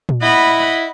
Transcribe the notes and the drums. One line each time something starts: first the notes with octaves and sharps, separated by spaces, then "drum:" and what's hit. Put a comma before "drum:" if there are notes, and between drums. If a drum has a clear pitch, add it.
drum: tom A#2
E4 D#5 F#5 B5